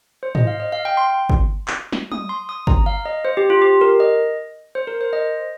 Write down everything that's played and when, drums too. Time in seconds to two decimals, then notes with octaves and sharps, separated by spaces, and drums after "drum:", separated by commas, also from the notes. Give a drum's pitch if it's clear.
0.23 C5
0.35 D#5, drum: tom
0.47 F5
0.60 D#5
0.72 F5
0.85 G5
0.97 C6
1.29 drum: kick
1.68 drum: clap
1.92 drum: snare
2.12 D#6, drum: tom
2.29 C6
2.49 D#6
2.67 A#5, drum: kick
2.86 F5
3.05 D#5
3.25 C5
3.37 G4
3.50 F4
3.62 G4
3.81 A#4
4.00 D#5
4.75 C5
4.87 A#4
5.01 C5
5.13 D#5